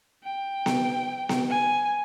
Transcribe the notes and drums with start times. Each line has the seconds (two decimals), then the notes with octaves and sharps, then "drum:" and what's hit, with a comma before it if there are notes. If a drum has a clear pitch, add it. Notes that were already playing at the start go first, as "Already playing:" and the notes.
0.23 G5
0.66 drum: snare B3
1.29 drum: snare B3
1.50 G#5